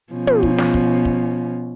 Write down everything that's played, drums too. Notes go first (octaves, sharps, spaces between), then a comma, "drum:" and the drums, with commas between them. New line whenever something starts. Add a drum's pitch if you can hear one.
B2 F3 C#4
drum: tom
drum: kick
drum: snare
drum: kick
drum: kick